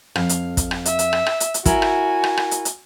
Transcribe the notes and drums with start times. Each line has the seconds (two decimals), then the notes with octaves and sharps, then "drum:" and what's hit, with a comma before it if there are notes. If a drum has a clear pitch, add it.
0.15 F2 F5, drum: rim click
0.29 drum: hi-hat
0.57 drum: kick, hi-hat
0.71 drum: rim click
0.85 E5, drum: hi-hat
0.99 drum: hi-hat
1.13 drum: rim click
1.26 drum: rim click
1.40 drum: hi-hat
1.54 drum: hi-hat
1.65 E4 F#4 A#4 G#5, drum: kick, hi-hat
1.82 drum: rim click
2.24 drum: rim click
2.37 drum: rim click
2.51 drum: hi-hat
2.65 drum: hi-hat